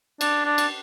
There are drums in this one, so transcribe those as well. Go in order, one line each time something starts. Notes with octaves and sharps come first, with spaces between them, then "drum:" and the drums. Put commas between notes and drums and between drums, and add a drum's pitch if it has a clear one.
D4, drum: cymbal
D4
drum: cymbal